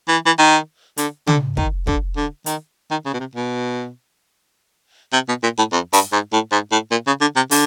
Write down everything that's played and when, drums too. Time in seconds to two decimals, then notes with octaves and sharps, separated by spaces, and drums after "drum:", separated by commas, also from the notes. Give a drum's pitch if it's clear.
0.08 E3
0.26 E3
0.39 D#3
0.97 D3, drum: hi-hat
1.27 D3, drum: tom C#3
1.57 D#3, drum: kick
1.87 D3, drum: kick
2.17 D3
2.46 D#3, drum: hi-hat
2.91 D#3
3.06 C#3
3.14 B2
3.20 C3
3.35 B2
5.13 C3
5.28 B2
5.43 A#2
5.58 A2
5.72 F2
5.93 G2, drum: open hi-hat
6.13 G#2
6.32 A2
6.52 G#2
6.72 A2
6.91 A#2
7.07 C#3
7.21 D3
7.36 C3
7.51 D3, drum: open hi-hat